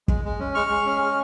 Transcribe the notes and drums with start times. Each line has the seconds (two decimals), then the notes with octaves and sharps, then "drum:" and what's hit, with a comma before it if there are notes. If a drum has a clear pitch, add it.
0.08 G#3, drum: kick
0.25 G#3
0.39 C#4
0.55 G#3 C#6 F6
0.70 G#3
0.86 C#4
1.02 G#3